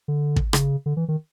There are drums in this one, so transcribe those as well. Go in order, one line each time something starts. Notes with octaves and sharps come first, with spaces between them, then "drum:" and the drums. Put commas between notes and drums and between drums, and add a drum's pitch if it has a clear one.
D3
drum: kick
C#3, drum: rim click
D3
E3
D#3